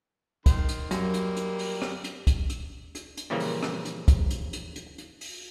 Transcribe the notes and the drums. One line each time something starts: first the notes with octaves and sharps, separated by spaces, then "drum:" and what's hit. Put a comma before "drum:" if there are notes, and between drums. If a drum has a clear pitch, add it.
D#3 C6, drum: kick, hi-hat
drum: hi-hat
F#2 G3 A#3 A#4, drum: hi-hat
drum: hi-hat
drum: hi-hat
drum: open hi-hat
drum: rim click
drum: hi-hat
drum: kick, hi-hat
drum: hi-hat
drum: hi-hat
drum: hi-hat
A#2 C#3 E3 F3 G3 A#3
drum: open hi-hat
drum: rim click
drum: hi-hat
drum: kick, hi-hat
drum: hi-hat
drum: hi-hat
drum: hi-hat
drum: hi-hat
drum: open hi-hat